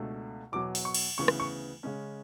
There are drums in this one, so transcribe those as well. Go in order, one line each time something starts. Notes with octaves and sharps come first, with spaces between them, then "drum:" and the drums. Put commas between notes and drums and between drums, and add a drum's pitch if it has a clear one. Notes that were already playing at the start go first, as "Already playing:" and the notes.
Already playing: C#2 B2 A3 D4
E2 B2 F#3 D6
drum: open hi-hat
C#6
drum: cymbal
D2 C#3 E3 B3 C#6
drum: rim click
C#6
C#3 G#3 C#4